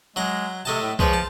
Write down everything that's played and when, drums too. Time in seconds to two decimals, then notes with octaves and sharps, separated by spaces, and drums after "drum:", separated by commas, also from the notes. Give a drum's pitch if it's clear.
0.16 F#3 G#3 F#5 A#5
0.65 C3 A3 D#5 A5
0.81 A2
0.99 F3 G#3 B4 C#5, drum: kick
1.13 A5